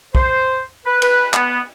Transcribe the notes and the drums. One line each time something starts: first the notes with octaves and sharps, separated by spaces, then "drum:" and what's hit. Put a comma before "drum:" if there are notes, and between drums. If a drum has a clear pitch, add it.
C5, drum: kick
B4
B4, drum: cymbal
B3, drum: clap